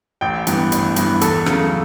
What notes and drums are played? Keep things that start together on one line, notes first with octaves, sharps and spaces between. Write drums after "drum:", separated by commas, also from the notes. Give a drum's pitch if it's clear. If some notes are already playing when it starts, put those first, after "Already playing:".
A1 G5
G2 E3 B3, drum: hi-hat
A1, drum: hi-hat
G2 E3 B3, drum: hi-hat
E2 A4, drum: hi-hat
C#3 F#3 A3, drum: rim click